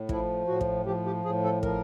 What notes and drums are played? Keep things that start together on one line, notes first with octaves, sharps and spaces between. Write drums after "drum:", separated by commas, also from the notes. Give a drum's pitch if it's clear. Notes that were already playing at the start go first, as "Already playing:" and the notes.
Already playing: A2
F3 E4, drum: kick
A2 F#4
drum: kick
F3 G4
G4
A2 G#4
A4
F3 A#4, drum: kick